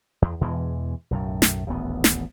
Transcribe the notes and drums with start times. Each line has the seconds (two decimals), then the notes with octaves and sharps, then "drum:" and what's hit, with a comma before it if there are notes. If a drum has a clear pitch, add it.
0.22 E2
0.41 E2 B2 E3 G#3
1.11 B1 F#2 A2
1.42 drum: snare
1.67 D#1 A1 D2 B3
2.04 drum: snare